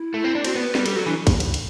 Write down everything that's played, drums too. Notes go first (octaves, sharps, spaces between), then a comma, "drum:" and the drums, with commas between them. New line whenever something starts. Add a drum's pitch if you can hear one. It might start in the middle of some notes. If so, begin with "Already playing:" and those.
Already playing: E4
A3
C4
D4
C4 F#4, drum: cymbal
B3
B4
G3, drum: snare
G3 A4, drum: cymbal
F#3 A4
E3 D4
drum: kick, cymbal
drum: cymbal
drum: cymbal